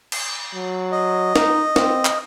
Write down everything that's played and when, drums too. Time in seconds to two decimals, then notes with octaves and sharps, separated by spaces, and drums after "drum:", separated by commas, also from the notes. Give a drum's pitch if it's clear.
0.12 drum: cymbal
0.54 F#3
0.92 D#5
1.36 D#4, drum: snare
1.76 C4, drum: snare
2.05 drum: clap